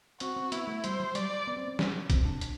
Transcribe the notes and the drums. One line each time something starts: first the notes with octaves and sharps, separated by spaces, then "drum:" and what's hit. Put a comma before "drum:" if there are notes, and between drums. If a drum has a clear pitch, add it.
C4 F#4, drum: hi-hat
C4
B3 E4, drum: hi-hat
A3
G3 C5, drum: hi-hat
F#3
G3 D5, drum: hi-hat
B3
C4
C4
G3, drum: snare
C4, drum: kick, hi-hat
D4
drum: hi-hat